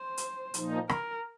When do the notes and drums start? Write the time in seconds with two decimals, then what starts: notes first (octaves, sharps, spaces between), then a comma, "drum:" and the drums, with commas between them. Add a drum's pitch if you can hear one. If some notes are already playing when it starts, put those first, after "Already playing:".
Already playing: C5
0.17 drum: hi-hat
0.54 A#2 F3 D#4, drum: hi-hat
0.89 A#4, drum: rim click